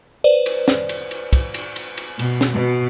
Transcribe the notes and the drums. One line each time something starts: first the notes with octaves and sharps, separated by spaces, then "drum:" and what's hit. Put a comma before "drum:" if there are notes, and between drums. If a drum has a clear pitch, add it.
B4 C5 D5
drum: cymbal
drum: snare
drum: cymbal
drum: cymbal
drum: kick, cymbal
drum: cymbal
drum: cymbal
drum: cymbal
B2, drum: cymbal
drum: snare
B2